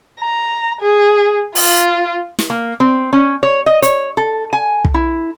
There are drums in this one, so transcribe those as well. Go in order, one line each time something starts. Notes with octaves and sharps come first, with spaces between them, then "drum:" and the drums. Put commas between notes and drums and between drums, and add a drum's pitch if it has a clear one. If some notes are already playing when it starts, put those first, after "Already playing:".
A#5
G#4
F4, drum: open hi-hat
drum: snare
A#3
C4
C#4
C#5
D#5
C#5, drum: hi-hat
A4
G#5
drum: kick
E4